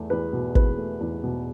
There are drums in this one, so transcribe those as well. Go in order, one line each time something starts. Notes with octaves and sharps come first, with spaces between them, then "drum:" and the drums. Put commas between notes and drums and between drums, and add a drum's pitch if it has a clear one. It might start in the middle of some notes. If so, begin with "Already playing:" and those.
Already playing: E2 A3
E2 B4
B2
E2 B4, drum: kick
A3
E2
B2